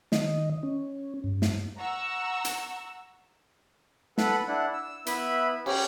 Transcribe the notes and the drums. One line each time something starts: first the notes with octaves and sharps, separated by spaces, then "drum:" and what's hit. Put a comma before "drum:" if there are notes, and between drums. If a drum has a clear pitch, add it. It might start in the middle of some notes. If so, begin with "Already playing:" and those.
D#3 D#5, drum: snare
C#4
G2
drum: snare
F#5 A#5 C#6 E6
drum: hi-hat
A4 B4 F#5 B5, drum: snare
D4 E4 F#5
E6
B3 E4 B4 E5 B5, drum: hi-hat
C#4 G4 G#5, drum: cymbal